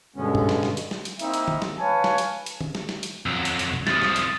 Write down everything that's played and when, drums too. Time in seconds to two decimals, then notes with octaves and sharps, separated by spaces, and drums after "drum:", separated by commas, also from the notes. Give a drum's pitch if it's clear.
0.16 G2 B2 D3 G#3 B3 C#4
0.35 drum: tom
0.49 drum: snare
0.63 drum: snare
0.77 drum: hi-hat
0.91 drum: snare
1.05 drum: hi-hat
1.19 A#3 C4 D#4 E4 E5, drum: hi-hat
1.34 drum: hi-hat
1.48 drum: tom
1.62 drum: snare
1.79 B4 C#5 F5 G#5 A5
2.04 drum: snare
2.18 drum: hi-hat
2.46 drum: hi-hat
2.61 drum: tom
2.75 drum: snare
2.89 drum: snare
3.03 drum: hi-hat
3.26 F2 F#3 E6
3.45 drum: hi-hat
3.59 drum: hi-hat
3.73 drum: tom
3.87 C2 F3 D#6 A6, drum: snare
4.02 drum: snare
4.16 drum: hi-hat